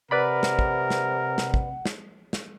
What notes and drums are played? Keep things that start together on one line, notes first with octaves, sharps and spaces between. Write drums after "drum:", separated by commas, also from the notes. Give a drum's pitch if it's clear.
C3 A#4 B4 D5 F#5 B5
drum: snare
drum: kick
drum: snare
drum: snare
drum: kick
drum: snare
drum: snare